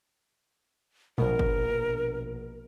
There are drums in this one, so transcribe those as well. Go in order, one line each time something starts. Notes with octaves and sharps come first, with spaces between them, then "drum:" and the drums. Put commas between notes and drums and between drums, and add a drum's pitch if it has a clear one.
A#1 B2 A#4, drum: tom F3
drum: kick G1